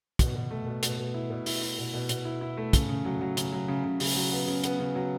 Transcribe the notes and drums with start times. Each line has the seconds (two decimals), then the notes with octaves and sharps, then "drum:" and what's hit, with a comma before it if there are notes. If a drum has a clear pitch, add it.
0.19 B2, drum: kick, hi-hat
0.35 B2
0.51 A3
0.67 B2
0.83 B2, drum: hi-hat
0.98 B2
1.14 E4
1.30 B2
1.46 E4, drum: open hi-hat
1.62 E4
1.78 B2
1.94 B2
2.09 B2, drum: hi-hat
2.25 E4
2.41 E4
2.57 A3
2.73 C#3, drum: kick, hi-hat
2.89 C#3
3.05 F#3
3.21 F#3
3.37 C#3, drum: hi-hat
3.52 F#3
3.68 C#3
3.84 C#3
4.00 C#3, drum: open hi-hat
4.15 F#3
4.32 B3
4.47 C#3
4.64 B3, drum: hi-hat
4.80 C#3
4.95 F#3